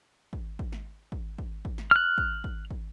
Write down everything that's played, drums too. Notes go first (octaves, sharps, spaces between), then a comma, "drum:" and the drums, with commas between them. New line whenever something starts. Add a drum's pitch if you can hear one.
drum: kick
drum: kick
drum: snare
drum: kick
drum: kick
drum: kick
drum: snare
F6 F#6
drum: kick
drum: kick
drum: kick